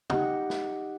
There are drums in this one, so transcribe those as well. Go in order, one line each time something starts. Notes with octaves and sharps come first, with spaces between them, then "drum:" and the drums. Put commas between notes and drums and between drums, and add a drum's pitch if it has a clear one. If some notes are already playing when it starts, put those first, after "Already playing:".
D#4 G4 D#5 F#5, drum: tom
drum: snare